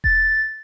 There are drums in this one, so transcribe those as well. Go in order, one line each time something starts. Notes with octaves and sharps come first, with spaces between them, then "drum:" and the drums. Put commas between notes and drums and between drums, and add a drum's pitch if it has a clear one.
A6, drum: kick E1